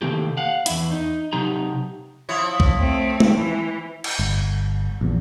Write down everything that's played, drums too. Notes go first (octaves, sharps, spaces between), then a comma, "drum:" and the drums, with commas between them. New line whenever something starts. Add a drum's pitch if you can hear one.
C3 D#3 A3 A#3 E4 G4
F5 F#5
E2 E4, drum: hi-hat
D#4
C3 F#3 D#4 G4 A#5
F3 E4 C#5
drum: kick C2
A3 C4
drum: tom G#3
E3
drum: cymbal
G1
A#1 E2